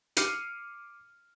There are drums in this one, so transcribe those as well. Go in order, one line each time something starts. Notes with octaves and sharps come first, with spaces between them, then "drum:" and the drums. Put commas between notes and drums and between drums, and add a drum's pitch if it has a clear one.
D6 F6 C7 C#7 D#7, drum: hi-hat